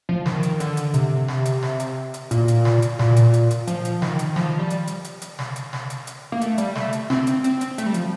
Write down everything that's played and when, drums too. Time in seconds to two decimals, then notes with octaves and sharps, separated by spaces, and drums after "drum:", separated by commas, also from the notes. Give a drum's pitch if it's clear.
0.09 F3
0.26 D#3, drum: snare
0.43 drum: hi-hat
0.60 D3, drum: hi-hat
0.77 drum: hi-hat
0.94 C3, drum: hi-hat
1.28 drum: snare
1.45 drum: hi-hat
1.63 drum: snare
1.80 drum: hi-hat
2.14 drum: hi-hat
2.31 A#2, drum: hi-hat
2.48 drum: hi-hat
2.65 drum: snare
2.82 drum: hi-hat
2.99 A#2, drum: snare
3.16 drum: hi-hat
3.34 drum: hi-hat
3.51 drum: hi-hat
3.67 F3, drum: hi-hat
3.85 drum: hi-hat
4.02 D#3, drum: snare
4.19 drum: hi-hat
4.36 F3, drum: snare
4.59 G3
4.70 drum: hi-hat
4.87 drum: hi-hat
5.04 drum: hi-hat
5.22 drum: hi-hat
5.39 drum: snare
5.56 drum: hi-hat
5.73 drum: snare
5.90 drum: hi-hat
6.07 drum: hi-hat
6.32 A#3
6.41 A3, drum: hi-hat
6.58 G3, drum: hi-hat
6.75 A3, drum: snare
6.93 drum: hi-hat
7.10 C4, drum: snare
7.27 drum: hi-hat
7.44 C4, drum: hi-hat
7.61 drum: hi-hat
7.78 A3, drum: hi-hat
7.86 G3
7.94 F3, drum: hi-hat